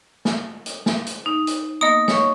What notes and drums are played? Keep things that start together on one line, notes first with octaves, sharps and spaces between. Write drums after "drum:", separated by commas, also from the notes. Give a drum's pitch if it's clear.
drum: snare
drum: hi-hat
drum: snare
drum: hi-hat
D#4
drum: hi-hat
A#3 B3 D#5 D#6
C#5 C#6, drum: snare